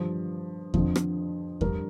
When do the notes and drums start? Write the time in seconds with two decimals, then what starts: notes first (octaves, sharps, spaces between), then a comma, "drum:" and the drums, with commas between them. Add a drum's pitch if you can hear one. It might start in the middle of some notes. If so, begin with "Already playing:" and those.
Already playing: G2 F3
0.74 F2 D3 F3, drum: kick E2
0.96 drum: rim click
1.61 G2 D3 F3 A#4, drum: kick E2